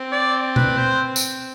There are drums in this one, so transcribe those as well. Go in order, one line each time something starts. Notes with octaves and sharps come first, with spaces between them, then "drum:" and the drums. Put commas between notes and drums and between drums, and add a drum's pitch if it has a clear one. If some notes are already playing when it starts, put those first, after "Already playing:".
Already playing: C4
D5
B4, drum: tom B2
C5
drum: tambourine